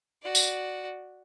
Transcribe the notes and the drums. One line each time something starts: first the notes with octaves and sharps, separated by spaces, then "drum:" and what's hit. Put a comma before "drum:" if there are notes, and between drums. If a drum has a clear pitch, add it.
F#4 D5
drum: tambourine